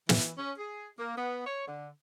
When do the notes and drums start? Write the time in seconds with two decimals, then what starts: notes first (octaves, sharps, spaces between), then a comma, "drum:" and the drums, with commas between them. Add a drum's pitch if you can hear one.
0.09 E3, drum: snare
0.38 C#4
0.59 G#4
0.99 A#3
1.18 B3
1.47 C#5
1.68 D3